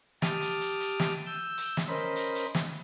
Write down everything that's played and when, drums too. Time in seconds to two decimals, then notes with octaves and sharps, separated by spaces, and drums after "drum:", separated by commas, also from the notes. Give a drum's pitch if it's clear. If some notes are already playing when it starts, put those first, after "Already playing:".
0.22 G4 A5 D6 D#6 F6, drum: snare
0.41 drum: hi-hat
0.61 drum: hi-hat
0.80 drum: hi-hat
1.00 drum: snare
1.26 E6 G6
1.58 drum: hi-hat
1.77 drum: snare
1.89 C#4 A#4 C5 D#5 B5
2.16 drum: hi-hat
2.35 drum: hi-hat
2.55 drum: snare